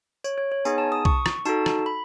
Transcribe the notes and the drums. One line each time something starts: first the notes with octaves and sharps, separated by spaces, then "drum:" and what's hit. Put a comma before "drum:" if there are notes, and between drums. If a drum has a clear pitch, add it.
C#5, drum: tambourine
C#5
C#5
B3 D#4 G#4 G#5, drum: tambourine
A5
D#6
C#6, drum: kick B1
drum: rim click
D#4 F#4 A4 A5, drum: tambourine
drum: rim click
B5